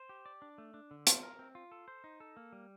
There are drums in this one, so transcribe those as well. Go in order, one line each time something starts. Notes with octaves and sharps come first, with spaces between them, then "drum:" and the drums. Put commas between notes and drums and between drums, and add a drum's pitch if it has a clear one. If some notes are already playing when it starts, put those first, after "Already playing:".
Already playing: C5
G4
D5
D4
A3
D4
D3
F4, drum: hi-hat
A#4
C4
F4
A4
C5
D#4
A4
A#3
G3